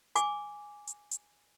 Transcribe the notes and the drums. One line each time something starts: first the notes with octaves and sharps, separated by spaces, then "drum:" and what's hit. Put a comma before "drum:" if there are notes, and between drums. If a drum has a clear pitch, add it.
G#5 D6, drum: hi-hat
drum: hi-hat
drum: hi-hat